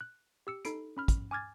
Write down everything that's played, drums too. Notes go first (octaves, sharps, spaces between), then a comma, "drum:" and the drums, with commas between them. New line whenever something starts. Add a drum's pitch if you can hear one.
F#6
G4 E6 C#7
D#4 A4 B5 C7 D7, drum: hi-hat
C#4 B5 F6
drum: kick, hi-hat
G#5 D6 F6 G#6 A6